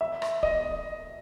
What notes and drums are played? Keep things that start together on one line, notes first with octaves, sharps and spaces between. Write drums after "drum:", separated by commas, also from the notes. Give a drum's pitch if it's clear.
E5
drum: rim click
D#5, drum: kick